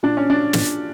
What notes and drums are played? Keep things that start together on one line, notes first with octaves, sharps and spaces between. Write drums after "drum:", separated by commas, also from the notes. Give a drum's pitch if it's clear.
A#2 D4
C#4
D4
drum: snare